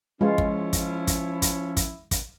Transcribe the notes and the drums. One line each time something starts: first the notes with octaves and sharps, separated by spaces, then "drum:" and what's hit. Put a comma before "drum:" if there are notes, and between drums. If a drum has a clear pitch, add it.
F3 G#3 C#4 E4 F4
drum: kick
drum: kick, hi-hat
drum: kick, hi-hat
drum: kick, hi-hat
drum: kick, hi-hat
drum: kick, hi-hat